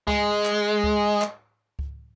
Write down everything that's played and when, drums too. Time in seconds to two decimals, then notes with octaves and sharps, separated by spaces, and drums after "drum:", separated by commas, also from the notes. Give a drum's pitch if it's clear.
0.08 G#3, drum: kick C#2
0.46 drum: clap
0.84 drum: kick C#2
1.22 drum: clap
1.79 drum: kick C#2